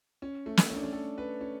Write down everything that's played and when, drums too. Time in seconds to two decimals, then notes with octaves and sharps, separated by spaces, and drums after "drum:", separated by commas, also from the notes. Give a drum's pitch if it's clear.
0.22 C#4
0.46 A3
0.57 drum: snare
0.70 C#4
0.76 D4
0.83 C#4
0.93 A4
1.18 B4
1.41 C#4